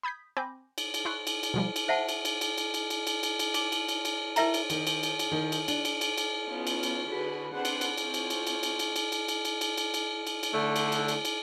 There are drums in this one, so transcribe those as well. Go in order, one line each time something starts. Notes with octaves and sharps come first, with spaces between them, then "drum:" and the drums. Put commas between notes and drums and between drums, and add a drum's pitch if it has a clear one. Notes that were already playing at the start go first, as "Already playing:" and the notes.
B5 D#6 G6 G#6 B6
C4 G#5 B5 D6 G6 A#6
drum: cymbal
drum: cymbal
E4 C6 C#6 F#6
drum: cymbal
drum: cymbal
B2 F3 G3
drum: cymbal
C5 E5 F#5 A5
drum: cymbal
drum: cymbal
drum: cymbal
drum: cymbal
drum: cymbal
drum: cymbal
drum: cymbal
drum: cymbal
drum: cymbal
D6, drum: cymbal
drum: cymbal
drum: cymbal
drum: cymbal
E4 A#4 E5 G5 A#5, drum: cymbal
drum: cymbal
D#3, drum: cymbal
drum: cymbal
drum: cymbal
drum: cymbal
D#3
drum: cymbal
D4, drum: cymbal
drum: cymbal
drum: cymbal
drum: cymbal
B3 C#4 D#4 F4
drum: cymbal
drum: cymbal
D3 F#4 G#4 B4 B5
C4 D4 G#4 B4 F#5 C6
drum: cymbal
drum: cymbal
C4 F4 C#5, drum: cymbal
drum: cymbal
drum: cymbal
drum: cymbal
drum: cymbal
drum: cymbal
drum: cymbal
drum: cymbal
drum: cymbal
drum: cymbal
drum: cymbal
drum: cymbal
drum: cymbal
drum: cymbal
drum: cymbal
D3 A3
drum: cymbal
drum: cymbal
drum: cymbal
drum: cymbal